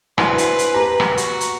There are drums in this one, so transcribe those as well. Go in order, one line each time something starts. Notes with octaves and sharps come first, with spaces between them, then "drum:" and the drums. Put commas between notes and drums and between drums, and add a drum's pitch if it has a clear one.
D4 E4 F#4 B4 C5 G#5 D7, drum: rim click
drum: hi-hat
drum: hi-hat
A#3 G4 A#5
drum: rim click
F#4, drum: hi-hat
drum: hi-hat